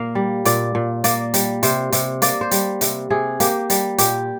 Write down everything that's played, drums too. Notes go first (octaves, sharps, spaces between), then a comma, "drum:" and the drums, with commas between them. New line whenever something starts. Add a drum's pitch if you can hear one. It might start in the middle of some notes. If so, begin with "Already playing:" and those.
Already playing: A#2 A#3 F5
G3
A#2 D5, drum: hi-hat
A#2
A#3 D5, drum: hi-hat
G3, drum: hi-hat
C3 C5, drum: hi-hat
C3, drum: hi-hat
A#3 D5, drum: hi-hat
C5
G3, drum: hi-hat
C3, drum: hi-hat
C3 G#4
A#3 G4, drum: hi-hat
G3, drum: hi-hat
A#2 G4, drum: hi-hat